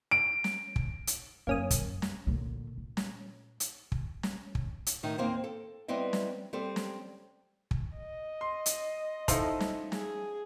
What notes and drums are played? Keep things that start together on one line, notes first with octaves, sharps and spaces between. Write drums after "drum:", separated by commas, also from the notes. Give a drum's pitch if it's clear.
D7
drum: snare
drum: kick
drum: hi-hat
F#2 F#3 A#3 C#4 D#6
drum: kick, hi-hat
drum: snare
A#2 D3
A#2
drum: snare
drum: hi-hat
drum: kick
drum: snare
drum: kick
drum: hi-hat
A2 D#3 D#4
D#2 A#3 C4 C5
A4
G3 B3 C4 E4 D#5
drum: snare
G3 C4 A4
drum: snare
drum: kick
D#5
C6
drum: hi-hat
F3 D#4 E4 A4, drum: kick, hi-hat
drum: snare
G#4, drum: snare